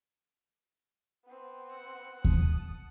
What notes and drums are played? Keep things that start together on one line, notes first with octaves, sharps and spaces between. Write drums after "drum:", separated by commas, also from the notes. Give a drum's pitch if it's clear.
B3 C4
F#5
A5 D#6, drum: kick D#2